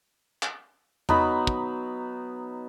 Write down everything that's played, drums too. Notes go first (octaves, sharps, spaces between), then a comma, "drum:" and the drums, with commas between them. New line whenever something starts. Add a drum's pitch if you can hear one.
drum: clap
F#3 B3 D#4 B5, drum: tom E2
drum: kick